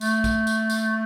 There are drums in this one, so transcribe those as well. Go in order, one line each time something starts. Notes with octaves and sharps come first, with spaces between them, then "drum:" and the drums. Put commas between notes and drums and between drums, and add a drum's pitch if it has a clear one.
A3, drum: tambourine
drum: kick, tambourine
drum: tambourine
drum: tambourine